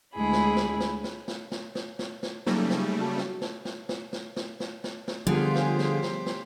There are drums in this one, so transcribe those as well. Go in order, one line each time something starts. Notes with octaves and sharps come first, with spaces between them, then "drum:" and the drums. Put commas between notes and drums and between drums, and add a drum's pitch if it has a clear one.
D2 G#3 E4 G#4 B5
drum: snare
drum: snare
drum: snare
drum: snare
drum: snare
drum: snare
drum: snare
drum: snare
drum: snare
C#3 F#3 G3 A3 A#3 D#4 A#6, drum: snare
drum: snare
F#4 A5
drum: snare
drum: snare
drum: snare
drum: snare
drum: snare
drum: snare
drum: snare
drum: snare
drum: snare
D3 F3 G3 B3 F4 G4 G#4 C5
drum: snare
drum: snare
drum: snare
drum: snare